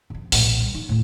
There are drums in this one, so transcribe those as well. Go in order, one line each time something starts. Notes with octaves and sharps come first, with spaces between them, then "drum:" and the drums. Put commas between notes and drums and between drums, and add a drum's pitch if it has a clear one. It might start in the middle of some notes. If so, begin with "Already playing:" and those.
F2 C4
B1 A2, drum: open hi-hat
A#2
G3
D#4
A2 C#3